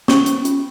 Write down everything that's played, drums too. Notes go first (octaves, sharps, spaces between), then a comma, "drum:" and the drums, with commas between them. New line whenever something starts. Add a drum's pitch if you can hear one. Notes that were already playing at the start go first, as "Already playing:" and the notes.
C#4 C#6, drum: snare
C#4, drum: hi-hat
F4, drum: hi-hat